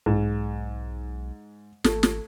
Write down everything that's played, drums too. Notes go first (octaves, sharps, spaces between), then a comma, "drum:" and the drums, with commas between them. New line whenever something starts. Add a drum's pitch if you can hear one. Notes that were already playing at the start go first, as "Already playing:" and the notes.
B1 G#2
G#1 A3, drum: snare
drum: snare